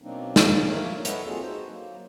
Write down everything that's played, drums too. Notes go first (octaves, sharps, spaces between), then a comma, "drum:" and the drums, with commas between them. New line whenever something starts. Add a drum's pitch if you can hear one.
B2 F#3 A#3 C4 D4 D#4
drum: snare
F3 A#3 D4 A#4 C#5 E5
A4 B4 C#5 D#5 E5 F#5, drum: hi-hat
A#3 C4 F4 F#4 G#4 A4
D#4 F#4 C5
F#3 A#3